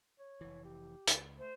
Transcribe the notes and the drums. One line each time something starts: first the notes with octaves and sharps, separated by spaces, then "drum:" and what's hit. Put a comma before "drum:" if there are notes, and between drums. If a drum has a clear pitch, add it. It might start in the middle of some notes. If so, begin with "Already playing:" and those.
C#5
F1 E3
G4
C#2, drum: hi-hat
A3 C5